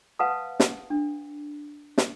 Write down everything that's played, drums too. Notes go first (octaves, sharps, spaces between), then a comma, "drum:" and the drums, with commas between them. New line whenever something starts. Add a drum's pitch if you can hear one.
B4 F5 F#5 A5 D#6
drum: snare
D4
drum: snare